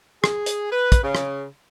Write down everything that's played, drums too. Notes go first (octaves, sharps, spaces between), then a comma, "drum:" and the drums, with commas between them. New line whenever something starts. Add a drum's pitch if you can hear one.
G#4, drum: rim click
drum: hi-hat
B4
drum: kick, hi-hat
C#3
drum: rim click